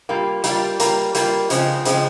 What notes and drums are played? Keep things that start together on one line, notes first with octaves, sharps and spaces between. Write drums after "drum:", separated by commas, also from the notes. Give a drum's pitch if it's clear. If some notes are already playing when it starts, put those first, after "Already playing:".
G3 A#3 F4
G3 A#3 F4, drum: hi-hat
G3 A#3 F4, drum: hi-hat
G3 A#3 F4, drum: hi-hat
C#3 F3 G#3 C4, drum: hi-hat
C#3 F3 G#3 C4, drum: hi-hat